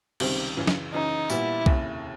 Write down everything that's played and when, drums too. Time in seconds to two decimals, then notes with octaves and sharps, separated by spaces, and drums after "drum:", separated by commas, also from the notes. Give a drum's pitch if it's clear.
0.20 C#2 C3 D#3 G3 C4, drum: cymbal
0.57 F#2 C#3 E3
0.67 drum: snare
0.93 F#2 C#3 E3 D#4
1.30 A#2 G3 B3 E4, drum: tambourine
1.66 F1 D#2 C#3, drum: kick B1